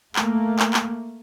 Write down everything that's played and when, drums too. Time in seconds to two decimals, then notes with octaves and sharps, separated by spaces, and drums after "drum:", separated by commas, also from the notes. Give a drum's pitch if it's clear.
0.16 A3 A#3, drum: clap
0.59 drum: clap
0.74 drum: clap